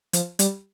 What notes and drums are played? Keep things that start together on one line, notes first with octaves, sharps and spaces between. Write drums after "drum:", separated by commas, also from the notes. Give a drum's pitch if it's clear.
F3, drum: hi-hat
G3, drum: hi-hat